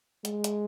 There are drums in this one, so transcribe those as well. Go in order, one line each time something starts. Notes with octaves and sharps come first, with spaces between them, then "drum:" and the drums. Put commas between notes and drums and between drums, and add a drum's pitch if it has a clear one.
G#3, drum: hi-hat
drum: hi-hat